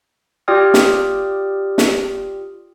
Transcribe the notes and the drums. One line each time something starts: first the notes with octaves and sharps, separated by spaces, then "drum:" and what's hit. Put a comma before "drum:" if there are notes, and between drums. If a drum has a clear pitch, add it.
F4 G4 D5 G5 D#6 F6
drum: snare
drum: snare